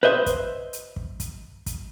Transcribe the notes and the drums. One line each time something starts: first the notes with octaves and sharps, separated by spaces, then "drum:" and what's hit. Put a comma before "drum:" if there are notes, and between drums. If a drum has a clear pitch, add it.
B4 C5 D#5 E5
drum: kick, hi-hat
drum: hi-hat
drum: kick
drum: kick, hi-hat
drum: kick, hi-hat